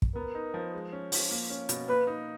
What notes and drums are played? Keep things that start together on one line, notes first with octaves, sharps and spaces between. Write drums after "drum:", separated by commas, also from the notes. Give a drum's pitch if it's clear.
drum: kick
B3 A#4
D#4
F3
G#3
C#4
F3, drum: open hi-hat
A#3
C#4
B2, drum: hi-hat
A#3 B4
D#4